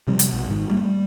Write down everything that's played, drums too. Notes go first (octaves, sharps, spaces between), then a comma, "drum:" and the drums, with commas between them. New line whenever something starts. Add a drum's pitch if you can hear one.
C3 F3 G3 C4
drum: hi-hat
A#1 B2
G#1 G#2 D#3
G3 A3 A#3
G3